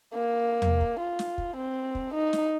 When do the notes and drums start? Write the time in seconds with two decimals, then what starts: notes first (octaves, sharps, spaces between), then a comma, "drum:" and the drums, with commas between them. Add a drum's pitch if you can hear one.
0.14 A#3
0.62 drum: tom E2
0.81 drum: kick
1.00 F4
1.19 drum: snare
1.38 drum: kick
1.56 C4
1.95 drum: kick
2.14 D#4
2.33 drum: snare